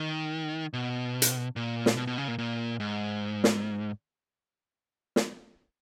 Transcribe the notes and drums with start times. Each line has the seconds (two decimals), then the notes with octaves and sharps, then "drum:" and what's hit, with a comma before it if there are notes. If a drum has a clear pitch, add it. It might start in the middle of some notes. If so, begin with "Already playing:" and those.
Already playing: D#3
0.73 B2
1.22 drum: hi-hat
1.56 A#2
1.86 drum: snare
1.97 B2
2.07 B2
2.18 C#3
2.28 A#2
2.38 A#2
2.80 G#2
3.44 drum: snare
5.16 drum: snare